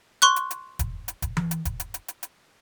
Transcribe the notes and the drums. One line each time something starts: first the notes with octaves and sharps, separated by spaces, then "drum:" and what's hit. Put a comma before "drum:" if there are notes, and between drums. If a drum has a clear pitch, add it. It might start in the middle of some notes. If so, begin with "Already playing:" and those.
C6 C#6 F#6
drum: hi-hat
drum: hi-hat
drum: kick E1, hi-hat
drum: hi-hat
drum: kick E1, hi-hat
drum: tom E3
drum: hi-hat
drum: kick E1, hi-hat
drum: hi-hat
drum: hi-hat
drum: hi-hat
drum: hi-hat